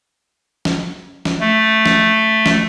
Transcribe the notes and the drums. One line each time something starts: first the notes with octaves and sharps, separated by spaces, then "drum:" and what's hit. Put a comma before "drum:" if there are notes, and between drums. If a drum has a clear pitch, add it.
drum: snare
drum: snare
A3
drum: snare
drum: snare